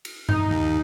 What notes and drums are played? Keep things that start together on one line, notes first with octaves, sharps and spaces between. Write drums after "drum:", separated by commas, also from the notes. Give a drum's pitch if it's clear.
drum: cymbal
D#4, drum: tom G2
D#2